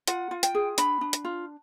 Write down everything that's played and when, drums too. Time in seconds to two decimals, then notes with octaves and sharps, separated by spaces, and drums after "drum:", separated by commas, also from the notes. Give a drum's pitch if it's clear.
0.08 F4 F#5, drum: hi-hat
0.31 F4
0.43 G5, drum: hi-hat
0.55 G#4
0.78 D4 B5, drum: hi-hat
1.01 D4
1.13 drum: hi-hat
1.25 F4